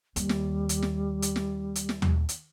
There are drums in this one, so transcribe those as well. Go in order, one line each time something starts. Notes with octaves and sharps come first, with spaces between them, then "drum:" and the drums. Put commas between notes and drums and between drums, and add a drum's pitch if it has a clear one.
D#2 G3, drum: hi-hat
drum: snare
drum: hi-hat
drum: snare
drum: hi-hat
drum: snare
drum: hi-hat
drum: snare
drum: tom D#2
drum: hi-hat